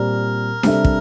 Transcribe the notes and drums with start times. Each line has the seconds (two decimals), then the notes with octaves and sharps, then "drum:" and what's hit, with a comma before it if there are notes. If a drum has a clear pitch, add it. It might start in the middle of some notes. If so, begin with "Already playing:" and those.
Already playing: A#2 G3 C4 G4 A#4 D5
0.63 C3 G3 D4 A4 E5, drum: snare D4
0.84 drum: kick